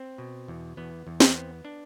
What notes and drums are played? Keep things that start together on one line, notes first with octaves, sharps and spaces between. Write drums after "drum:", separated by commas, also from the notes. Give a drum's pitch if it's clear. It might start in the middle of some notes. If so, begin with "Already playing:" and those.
Already playing: C4
B2
E2
E2 B3
E2
C4, drum: snare
B3
D4